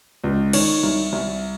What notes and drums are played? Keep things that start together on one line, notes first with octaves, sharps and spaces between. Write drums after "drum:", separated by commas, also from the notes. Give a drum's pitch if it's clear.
C#2
D#3 C#5, drum: cymbal
C2
C2